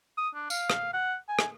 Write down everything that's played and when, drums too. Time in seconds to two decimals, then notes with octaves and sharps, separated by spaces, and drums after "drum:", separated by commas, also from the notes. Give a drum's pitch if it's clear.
0.17 D#6
0.35 D4
0.50 F5, drum: tambourine
0.70 drum: rim click
0.93 F#5
1.28 G#5
1.39 drum: rim click